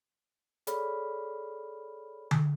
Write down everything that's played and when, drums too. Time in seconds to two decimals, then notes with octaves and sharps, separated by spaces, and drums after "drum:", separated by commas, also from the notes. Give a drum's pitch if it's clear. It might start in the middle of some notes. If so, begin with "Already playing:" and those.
0.67 G#4 A4 C#5 D5 B5 F6, drum: hi-hat
2.31 drum: tom D3